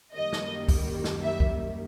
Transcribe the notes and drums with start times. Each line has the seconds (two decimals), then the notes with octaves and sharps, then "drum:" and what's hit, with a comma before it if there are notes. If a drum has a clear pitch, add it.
0.15 F#2 D#3 G3 A#3 D#5
0.33 drum: snare
0.68 drum: kick, open hi-hat
1.04 drum: snare
1.22 E5
1.40 drum: kick